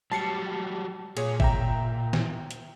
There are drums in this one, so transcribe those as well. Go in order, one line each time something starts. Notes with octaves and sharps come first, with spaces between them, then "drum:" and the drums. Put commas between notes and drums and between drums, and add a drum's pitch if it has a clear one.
F#3 G3 A5 C7 C#7
A#2 G#4 C#5, drum: cymbal
E5 G5 A#5, drum: kick
drum: snare
drum: hi-hat